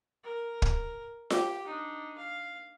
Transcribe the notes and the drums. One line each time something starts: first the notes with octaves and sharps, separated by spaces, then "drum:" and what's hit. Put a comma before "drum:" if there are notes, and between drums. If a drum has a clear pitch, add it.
A#4
drum: kick
G4, drum: snare F4
D4 D#4
F5